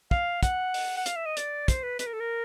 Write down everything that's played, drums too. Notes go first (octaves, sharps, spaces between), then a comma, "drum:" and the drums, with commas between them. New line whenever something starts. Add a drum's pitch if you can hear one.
F5, drum: kick
F#5, drum: kick, hi-hat
drum: open hi-hat
F#5
F5, drum: hi-hat
E5
D#5
D5, drum: hi-hat
C5, drum: kick, hi-hat
B4
B4, drum: hi-hat
A#4
A4
A#4